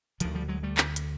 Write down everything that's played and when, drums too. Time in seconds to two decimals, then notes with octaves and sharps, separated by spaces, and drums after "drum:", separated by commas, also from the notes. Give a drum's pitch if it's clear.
0.20 D2 D3 D#3 F3, drum: hi-hat
0.35 F3 G3
0.48 F#3 G#3
0.63 G3 A3
0.77 drum: clap
0.96 drum: hi-hat